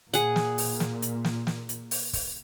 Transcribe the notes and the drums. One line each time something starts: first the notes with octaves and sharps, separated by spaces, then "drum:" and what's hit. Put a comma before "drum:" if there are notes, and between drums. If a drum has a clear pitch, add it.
A#2 G#4 F#5, drum: hi-hat
drum: snare
drum: open hi-hat
drum: snare
drum: hi-hat
drum: snare
drum: snare
drum: hi-hat
drum: open hi-hat
drum: kick, open hi-hat